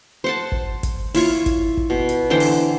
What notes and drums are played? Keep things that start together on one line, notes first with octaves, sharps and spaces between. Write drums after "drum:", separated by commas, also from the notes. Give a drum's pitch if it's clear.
C5 F#5 A5
drum: kick G1
drum: kick G1, hi-hat
E4 F4 C#5 C#6, drum: open hi-hat
drum: kick G1, hi-hat
drum: kick G1
B2
drum: hi-hat
D3 E3 C5 G5
drum: open hi-hat